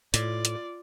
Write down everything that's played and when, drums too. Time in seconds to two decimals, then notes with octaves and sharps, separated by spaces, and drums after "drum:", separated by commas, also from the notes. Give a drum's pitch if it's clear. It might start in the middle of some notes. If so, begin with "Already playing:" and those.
0.14 A2 F4 D5, drum: hi-hat
0.45 drum: hi-hat